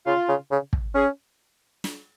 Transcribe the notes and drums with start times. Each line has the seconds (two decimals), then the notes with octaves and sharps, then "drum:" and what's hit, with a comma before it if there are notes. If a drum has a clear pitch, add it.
0.06 C#3 F4
0.28 C#3
0.51 C#3
0.73 drum: kick
0.95 C#4 G#4
1.84 drum: snare